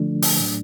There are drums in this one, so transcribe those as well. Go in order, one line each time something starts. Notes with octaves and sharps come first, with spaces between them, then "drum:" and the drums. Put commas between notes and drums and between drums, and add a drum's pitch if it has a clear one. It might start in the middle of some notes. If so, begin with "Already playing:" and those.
Already playing: D3 F3 A3 D4
drum: open hi-hat
A2 F#3 A3 D4